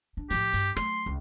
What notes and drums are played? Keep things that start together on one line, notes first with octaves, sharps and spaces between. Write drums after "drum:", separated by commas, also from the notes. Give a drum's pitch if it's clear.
D4
A2 F3 G4, drum: hi-hat
G2, drum: hi-hat
F#3 A3 C6, drum: rim click
C#2